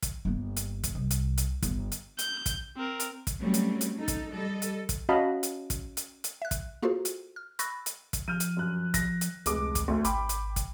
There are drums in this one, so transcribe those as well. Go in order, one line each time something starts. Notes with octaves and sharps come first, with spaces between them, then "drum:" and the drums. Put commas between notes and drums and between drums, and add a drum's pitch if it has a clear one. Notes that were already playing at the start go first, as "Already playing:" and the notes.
drum: kick, hi-hat
G1 A#3
drum: hi-hat
drum: kick, hi-hat
C2
drum: hi-hat
drum: hi-hat
G1 D3, drum: kick, hi-hat
drum: hi-hat
G6, drum: hi-hat
drum: kick, hi-hat
C4 A#4
drum: hi-hat
drum: kick, hi-hat
F#3 G3 A3 C4 C#4
drum: hi-hat
drum: hi-hat
D#4 A4
drum: kick, hi-hat
G3 A4 D#5
drum: hi-hat
drum: kick, hi-hat
C#4 F#4 D#5 F5 A5 B5
drum: hi-hat
drum: kick, hi-hat
drum: hi-hat
drum: hi-hat
E5 F#6
drum: kick, hi-hat
A#3 F4 F#4 G#4 A4 C5
drum: hi-hat
F6
B5 C#6 E6 F#6 A6 A#6, drum: hi-hat
drum: hi-hat
drum: kick, hi-hat
F3 F6 G6 D#7
drum: hi-hat
F#2 F#6
A#6, drum: kick, hi-hat
drum: hi-hat
F1 C#2 G#3 D6, drum: hi-hat
drum: kick, hi-hat
D2 A3
G#1 G5 B5 D6, drum: hi-hat
drum: hi-hat
drum: kick, hi-hat